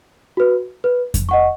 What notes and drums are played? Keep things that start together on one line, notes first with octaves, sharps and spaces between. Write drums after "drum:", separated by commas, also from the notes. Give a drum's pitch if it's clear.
F#4 B4
B4
drum: kick F2, hi-hat
D#5 F#5 C#6